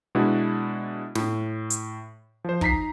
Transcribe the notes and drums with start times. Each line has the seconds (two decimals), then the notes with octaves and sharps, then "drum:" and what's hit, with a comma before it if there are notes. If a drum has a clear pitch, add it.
0.15 B2 G#3 B3 D4 E4
1.15 A2, drum: snare
1.70 drum: hi-hat
2.44 F3 C5
2.61 D#4 A#5 B6 C7, drum: kick